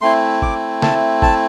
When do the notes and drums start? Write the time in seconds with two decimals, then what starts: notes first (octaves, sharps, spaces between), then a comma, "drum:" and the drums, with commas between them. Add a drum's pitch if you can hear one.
0.01 A3 C4 E4 C6
0.42 D6, drum: kick G1
0.82 A5, drum: snare
1.22 A5, drum: kick G1